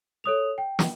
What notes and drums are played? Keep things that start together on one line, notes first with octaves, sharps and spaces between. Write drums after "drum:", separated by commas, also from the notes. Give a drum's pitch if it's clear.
A4 C#5 D#6 F7
G5
drum: snare